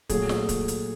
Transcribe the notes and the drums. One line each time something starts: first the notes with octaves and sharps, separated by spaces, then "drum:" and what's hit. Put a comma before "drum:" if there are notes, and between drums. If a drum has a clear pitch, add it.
A#2 F#3 A3 G#4, drum: kick C#1, hi-hat
drum: snare
drum: kick C#1, hi-hat
drum: hi-hat